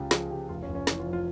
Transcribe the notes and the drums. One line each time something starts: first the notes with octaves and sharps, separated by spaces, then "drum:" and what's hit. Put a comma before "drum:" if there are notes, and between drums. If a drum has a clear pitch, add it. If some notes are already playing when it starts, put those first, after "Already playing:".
Already playing: C#2 C#3 F4 G4
F3 G#4, drum: snare
C#3 G4
F1 F4
C#4
F1
C#4
E3, drum: snare
F4
F2
F4